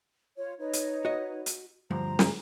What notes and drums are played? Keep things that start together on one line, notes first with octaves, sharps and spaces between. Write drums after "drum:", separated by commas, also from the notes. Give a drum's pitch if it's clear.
F4 C#5
D#4 B4 C#5
drum: hi-hat
F#4 D#5
drum: hi-hat
D2 G2 F3 C5 A#5
drum: snare